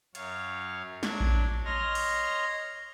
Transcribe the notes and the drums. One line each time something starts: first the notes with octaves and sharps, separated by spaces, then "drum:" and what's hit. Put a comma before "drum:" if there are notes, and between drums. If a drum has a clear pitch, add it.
F#2 C#5 F5, drum: hi-hat
F#3 D4 G#6, drum: snare
drum: kick A#1
C#5 D#5 C6 F6 A#6
drum: cymbal